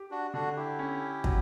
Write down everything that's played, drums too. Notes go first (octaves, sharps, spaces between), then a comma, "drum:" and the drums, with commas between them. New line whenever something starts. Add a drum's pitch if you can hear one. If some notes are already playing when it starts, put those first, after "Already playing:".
Already playing: G4
D4 F#4
D3 D4 F#4
E4 G4
C#4
F#3, drum: kick